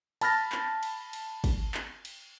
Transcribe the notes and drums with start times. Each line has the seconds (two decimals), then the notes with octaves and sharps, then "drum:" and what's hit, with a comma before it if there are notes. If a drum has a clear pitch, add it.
0.21 A5 B5 F6 A6 A#6, drum: cymbal
0.52 drum: clap
0.83 drum: cymbal
1.13 drum: cymbal
1.44 drum: kick, cymbal
1.74 drum: clap
2.05 drum: cymbal